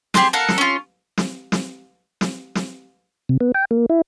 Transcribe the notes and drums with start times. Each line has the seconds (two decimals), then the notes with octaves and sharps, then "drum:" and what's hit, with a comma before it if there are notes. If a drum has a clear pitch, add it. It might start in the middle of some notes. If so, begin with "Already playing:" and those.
0.14 G4 G#4 C5 A5, drum: snare
0.33 A4 A#4 F5 F#5
0.49 drum: snare
0.58 C#4 F4
1.18 drum: snare
1.52 drum: snare
2.21 drum: snare
2.55 drum: snare
3.29 C3
3.41 B3
3.54 G5
3.71 A#3
3.89 E4